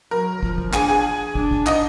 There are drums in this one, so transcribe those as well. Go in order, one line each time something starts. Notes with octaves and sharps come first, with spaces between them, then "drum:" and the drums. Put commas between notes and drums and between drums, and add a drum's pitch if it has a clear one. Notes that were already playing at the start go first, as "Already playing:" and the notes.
F#3 A#4
F3, drum: kick
drum: kick
D4 G#4 G#5, drum: clap
G#4 G#5
D4, drum: kick
drum: kick
D#4 D#5, drum: clap